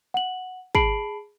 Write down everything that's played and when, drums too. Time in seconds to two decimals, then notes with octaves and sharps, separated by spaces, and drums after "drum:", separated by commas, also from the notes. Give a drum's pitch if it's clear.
0.14 F#5 F#7
0.75 G#4 A5 B5 C7 D7 F#7, drum: kick